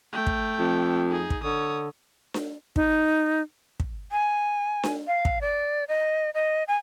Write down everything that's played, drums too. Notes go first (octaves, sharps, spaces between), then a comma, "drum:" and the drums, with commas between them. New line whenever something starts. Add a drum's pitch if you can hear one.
A3 G5
drum: kick
F2
D#4 G#4
drum: kick
D3 C#5 D#6
drum: snare D4
D#4, drum: kick
drum: kick
G#5
drum: snare D4
F5
drum: kick
D5
D#5
D#5
G#5